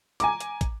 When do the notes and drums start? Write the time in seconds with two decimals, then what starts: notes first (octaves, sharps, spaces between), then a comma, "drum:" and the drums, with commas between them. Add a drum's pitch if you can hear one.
0.20 G#5 A#5 D6, drum: hi-hat
0.40 drum: hi-hat
0.61 drum: kick, hi-hat